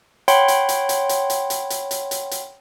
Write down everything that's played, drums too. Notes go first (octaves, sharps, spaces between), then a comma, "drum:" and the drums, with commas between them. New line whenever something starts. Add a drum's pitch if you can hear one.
C#5 F#5 G5 B5 C6, drum: hi-hat
drum: hi-hat
drum: hi-hat
drum: hi-hat
drum: hi-hat
drum: hi-hat
drum: hi-hat
drum: hi-hat
drum: hi-hat
drum: hi-hat
drum: hi-hat